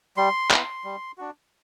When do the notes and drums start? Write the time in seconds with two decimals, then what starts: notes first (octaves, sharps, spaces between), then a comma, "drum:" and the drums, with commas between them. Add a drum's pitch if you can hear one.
0.17 G3 C6
0.51 B3 E4, drum: clap
0.84 G3
1.18 D4 F#4